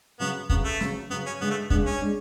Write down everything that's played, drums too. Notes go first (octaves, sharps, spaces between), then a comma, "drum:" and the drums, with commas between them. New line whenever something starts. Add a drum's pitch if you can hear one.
C#3 F#3 B3 C#4
C#3 F#3 B3 C#4, drum: kick
A3
C#3 F#3 C#4, drum: snare
C#3 F#3 B3 C#4
C#4
C#3 G#3 B3 D4
A3
C#3 G#3 B3 D4, drum: kick
C#4
G#3 D4